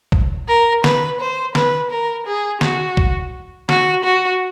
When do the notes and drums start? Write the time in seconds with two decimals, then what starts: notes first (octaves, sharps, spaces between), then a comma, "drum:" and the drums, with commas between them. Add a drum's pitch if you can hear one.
0.12 drum: kick
0.48 A#4
0.84 B4, drum: snare
1.20 C5
1.55 B4, drum: snare
1.91 A#4
2.26 G#4
2.61 F#4, drum: snare
2.97 drum: kick
3.69 F#4, drum: snare
4.04 F#4